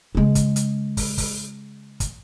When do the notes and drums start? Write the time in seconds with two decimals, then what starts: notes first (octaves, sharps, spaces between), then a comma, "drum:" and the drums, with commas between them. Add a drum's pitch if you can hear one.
0.15 C#3 G#3
0.35 drum: kick, hi-hat
0.56 drum: hi-hat
0.97 drum: kick, open hi-hat
1.18 drum: kick, open hi-hat
2.00 drum: kick, hi-hat